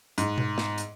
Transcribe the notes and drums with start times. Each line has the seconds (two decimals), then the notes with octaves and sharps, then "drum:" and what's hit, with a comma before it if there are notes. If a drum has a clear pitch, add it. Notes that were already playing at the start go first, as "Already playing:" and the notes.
0.18 G#2, drum: hi-hat
0.38 drum: tom B2
0.58 drum: snare
0.78 drum: hi-hat